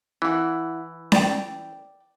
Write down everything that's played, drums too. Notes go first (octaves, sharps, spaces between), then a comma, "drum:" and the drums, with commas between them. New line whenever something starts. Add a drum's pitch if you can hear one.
E3 E4 F#5
D5 G5, drum: snare C#4